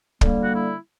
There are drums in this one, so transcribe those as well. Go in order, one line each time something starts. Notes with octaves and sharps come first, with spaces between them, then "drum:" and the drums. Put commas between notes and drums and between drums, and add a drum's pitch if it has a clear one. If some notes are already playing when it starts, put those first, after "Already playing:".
D3 G3 A#3, drum: kick
F#4
E4